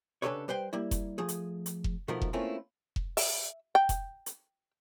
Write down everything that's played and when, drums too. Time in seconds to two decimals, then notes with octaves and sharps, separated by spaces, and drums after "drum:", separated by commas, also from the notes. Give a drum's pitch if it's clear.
0.22 C#3 D4 G4 A4 B4 C#5
0.48 G3 B4 C5 G5
0.73 G3 A#3 E4
0.91 drum: kick F1, hi-hat
1.18 F3 A3 G#4
1.28 drum: hi-hat
1.66 drum: hi-hat
1.84 drum: kick F1
2.08 B2 D#3 F3 A3 B3 A#4
2.22 drum: kick F1
2.33 A3 A#3 C4 C#4 E4 F4
2.96 drum: kick F1
3.17 E5, drum: open hi-hat
3.75 G5
3.89 drum: kick F1, hi-hat
4.26 drum: hi-hat